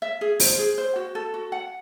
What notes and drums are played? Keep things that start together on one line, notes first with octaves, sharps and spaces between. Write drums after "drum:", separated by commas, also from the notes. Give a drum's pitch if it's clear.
E5
G#4
C5, drum: open hi-hat
G#4
C5
F#4
A4
F#4
F#5